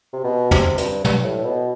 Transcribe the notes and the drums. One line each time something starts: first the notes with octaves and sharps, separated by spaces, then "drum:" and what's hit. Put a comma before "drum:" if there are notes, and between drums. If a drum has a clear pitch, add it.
C3
B2
C3, drum: tom
G2, drum: hi-hat
G2, drum: tom
A2
B2